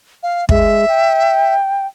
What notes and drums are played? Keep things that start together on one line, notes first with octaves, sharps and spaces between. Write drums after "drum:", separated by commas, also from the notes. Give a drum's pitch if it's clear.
F5
G#3 E5, drum: kick
G5